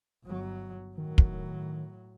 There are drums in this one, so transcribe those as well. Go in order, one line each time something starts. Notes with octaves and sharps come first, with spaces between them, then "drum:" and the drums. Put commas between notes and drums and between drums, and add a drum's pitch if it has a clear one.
G1 F#3
A2 D#3 F#3
drum: kick